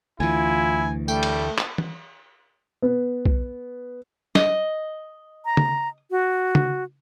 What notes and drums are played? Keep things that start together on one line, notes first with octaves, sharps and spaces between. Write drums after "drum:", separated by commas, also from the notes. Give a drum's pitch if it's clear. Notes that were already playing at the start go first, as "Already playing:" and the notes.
D2 E3 E4 F4 G#5
G3 A3 G5, drum: tambourine
drum: cymbal
drum: clap
drum: tom E3
B3
drum: kick
D#5, drum: snare
A#5
drum: tom
F#4
drum: tom